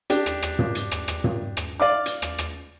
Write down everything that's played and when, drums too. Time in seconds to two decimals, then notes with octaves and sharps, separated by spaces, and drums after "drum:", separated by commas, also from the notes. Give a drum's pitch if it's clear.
0.10 D4 G4, drum: hi-hat
0.26 drum: rim click
0.42 drum: rim click
0.59 drum: tom
0.75 drum: hi-hat
0.91 drum: rim click
1.08 drum: rim click
1.24 drum: tom
1.57 drum: rim click
1.80 D5 F5 D6
2.06 drum: hi-hat
2.22 drum: rim click
2.38 drum: rim click